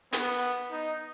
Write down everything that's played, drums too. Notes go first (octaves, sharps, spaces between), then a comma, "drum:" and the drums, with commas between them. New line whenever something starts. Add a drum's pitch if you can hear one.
B3, drum: hi-hat
D#4